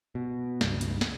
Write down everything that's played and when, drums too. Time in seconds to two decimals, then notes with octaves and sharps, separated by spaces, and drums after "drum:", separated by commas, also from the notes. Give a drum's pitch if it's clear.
0.15 B2
0.61 C#2 G2, drum: snare
0.81 drum: hi-hat
1.01 drum: snare